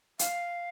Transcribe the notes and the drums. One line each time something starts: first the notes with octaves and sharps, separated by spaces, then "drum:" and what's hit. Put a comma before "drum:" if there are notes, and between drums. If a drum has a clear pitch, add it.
F5, drum: hi-hat